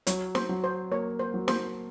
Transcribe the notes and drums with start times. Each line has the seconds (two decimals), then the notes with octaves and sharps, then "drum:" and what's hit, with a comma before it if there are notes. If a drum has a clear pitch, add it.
0.07 F#3 C#5, drum: hi-hat
0.35 C5, drum: snare
0.49 F#3
0.64 C5
0.92 A#3 C#5
1.19 C5
1.34 F#3
1.48 C5, drum: snare